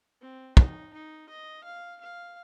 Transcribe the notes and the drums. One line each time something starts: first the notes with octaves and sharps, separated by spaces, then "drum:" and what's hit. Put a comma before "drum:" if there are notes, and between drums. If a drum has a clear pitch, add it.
C4
D#4, drum: kick
D#4
D#5
F5
F5